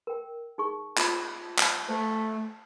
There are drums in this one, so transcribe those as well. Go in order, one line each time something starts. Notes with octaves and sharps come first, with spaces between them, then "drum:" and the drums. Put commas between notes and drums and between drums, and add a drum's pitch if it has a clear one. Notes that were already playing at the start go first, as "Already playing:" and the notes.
A#4 G5
D#4 G#4 C#6
F4, drum: clap
drum: clap
A3 C5 A5